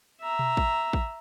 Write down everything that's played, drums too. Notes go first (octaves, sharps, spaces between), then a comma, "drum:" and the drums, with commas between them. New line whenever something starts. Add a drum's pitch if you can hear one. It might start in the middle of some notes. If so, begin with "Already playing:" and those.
E5 A#5
drum: tom B2
drum: kick
drum: kick